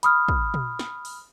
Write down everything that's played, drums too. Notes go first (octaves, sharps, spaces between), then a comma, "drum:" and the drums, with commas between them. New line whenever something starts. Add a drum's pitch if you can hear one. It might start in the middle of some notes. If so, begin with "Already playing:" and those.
B5 D#6 F6, drum: hi-hat
drum: kick
drum: tom
drum: snare
drum: open hi-hat